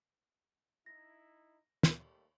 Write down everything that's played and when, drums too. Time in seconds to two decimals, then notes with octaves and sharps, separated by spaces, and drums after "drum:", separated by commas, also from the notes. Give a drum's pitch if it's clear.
0.86 D#4 E4 A#6
1.83 D#2 G3 A3, drum: snare